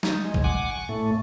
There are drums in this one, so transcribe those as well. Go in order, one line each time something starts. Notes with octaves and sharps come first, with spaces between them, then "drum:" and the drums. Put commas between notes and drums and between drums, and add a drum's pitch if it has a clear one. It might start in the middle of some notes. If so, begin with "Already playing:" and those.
D#4, drum: snare
G#3
drum: kick A#1
F#5 G#5 D6
C#6
A2 A3